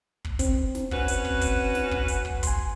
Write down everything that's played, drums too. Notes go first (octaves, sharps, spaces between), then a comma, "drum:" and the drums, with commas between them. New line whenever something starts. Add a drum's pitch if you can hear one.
drum: kick
C4, drum: kick, hi-hat
drum: snare
C#4 F#4 B4, drum: kick
drum: hi-hat
drum: kick
drum: kick, hi-hat
drum: snare
drum: kick
drum: hi-hat
drum: kick
G#5 C6, drum: kick, hi-hat